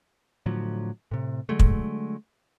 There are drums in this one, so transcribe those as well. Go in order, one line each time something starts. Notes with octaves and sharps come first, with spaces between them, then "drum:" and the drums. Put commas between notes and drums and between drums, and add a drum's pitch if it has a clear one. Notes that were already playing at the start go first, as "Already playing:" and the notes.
A2 D3 F3 F#3
A2 C3
D3 F#3 G#3 A3
drum: kick